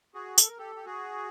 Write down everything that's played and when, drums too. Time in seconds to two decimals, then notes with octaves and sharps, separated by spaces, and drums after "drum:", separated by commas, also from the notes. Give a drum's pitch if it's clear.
0.14 F#4 G#4
0.38 A4, drum: tambourine
0.48 A#4
0.58 G4 A4
0.76 G4
0.85 F#4 G#4